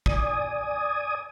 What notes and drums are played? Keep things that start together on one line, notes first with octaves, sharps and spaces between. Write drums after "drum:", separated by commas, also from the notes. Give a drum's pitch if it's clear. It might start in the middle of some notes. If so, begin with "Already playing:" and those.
D5 G#5 D#6, drum: kick